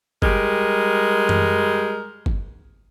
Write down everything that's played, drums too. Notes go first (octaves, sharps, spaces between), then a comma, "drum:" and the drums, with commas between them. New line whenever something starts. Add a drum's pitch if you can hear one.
G3 G#3 A#4, drum: kick G1
drum: tom F#2
drum: kick G1